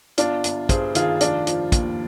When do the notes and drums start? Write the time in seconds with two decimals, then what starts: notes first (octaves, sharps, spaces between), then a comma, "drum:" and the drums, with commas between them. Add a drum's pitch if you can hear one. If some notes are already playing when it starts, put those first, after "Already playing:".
0.18 G1 D4 F4, drum: hi-hat
0.44 G1, drum: hi-hat
0.69 G2 G#4 C5, drum: kick, hi-hat
0.95 D#3 F4 G#4, drum: hi-hat
1.21 F1 D4 F4, drum: hi-hat
1.47 F3, drum: hi-hat
1.72 D#2, drum: kick, hi-hat